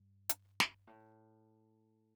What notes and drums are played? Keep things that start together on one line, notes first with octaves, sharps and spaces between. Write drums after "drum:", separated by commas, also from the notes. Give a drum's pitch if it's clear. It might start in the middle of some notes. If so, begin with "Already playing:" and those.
Already playing: G2
drum: hi-hat
drum: snare
A2